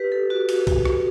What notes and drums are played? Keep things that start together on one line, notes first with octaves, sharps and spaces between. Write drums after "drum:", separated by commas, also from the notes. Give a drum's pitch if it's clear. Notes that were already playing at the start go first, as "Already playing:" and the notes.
Already playing: G4 B4
A4
F#4
F#4, drum: cymbal
drum: kick C2, cymbal
drum: rim click